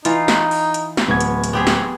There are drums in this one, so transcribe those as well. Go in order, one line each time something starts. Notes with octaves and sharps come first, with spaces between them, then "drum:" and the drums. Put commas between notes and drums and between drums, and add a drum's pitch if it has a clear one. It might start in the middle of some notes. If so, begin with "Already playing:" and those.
E3 D#4 F4, drum: hi-hat
drum: snare
drum: open hi-hat
drum: hi-hat
drum: snare
D1 B3 G#6
drum: hi-hat
drum: hi-hat
B3 C4 G4 G#4
drum: snare